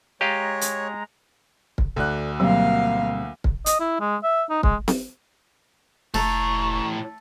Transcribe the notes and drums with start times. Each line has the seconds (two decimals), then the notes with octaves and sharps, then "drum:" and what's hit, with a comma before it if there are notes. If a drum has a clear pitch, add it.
0.21 G#3 G4 C#5 D#5 F5 A#5
0.61 drum: hi-hat
1.78 drum: kick
1.96 D2 F#4 A4 D5 F#6
2.40 B2 F#3 G3 A#3 C4 F5
3.44 drum: kick
3.66 D#5, drum: hi-hat
3.80 E4
4.00 G#3
4.24 E5
4.50 D#4
4.63 G#3, drum: kick
4.88 drum: snare C4
6.14 F1 A2 A3 A#5 C#6